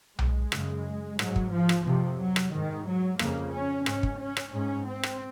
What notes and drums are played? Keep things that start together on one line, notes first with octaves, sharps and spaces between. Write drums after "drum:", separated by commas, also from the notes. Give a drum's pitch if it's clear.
G#3, drum: tom B1
F#2 C#3, drum: rim click
G#2 F#3, drum: rim click
drum: kick
F3
drum: rim click
F2 C3 F3
F#3
drum: rim click
G#2 D#3
F#3
F2 C#3 A#3, drum: rim click
C#4
G#2 C#4, drum: rim click
drum: kick
C#4
drum: rim click
G#2 C#4
C4
drum: rim click